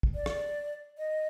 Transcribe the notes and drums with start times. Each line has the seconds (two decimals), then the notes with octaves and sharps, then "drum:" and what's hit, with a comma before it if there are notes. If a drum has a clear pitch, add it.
0.03 drum: kick
0.15 D5
0.26 drum: rim click
0.98 D#5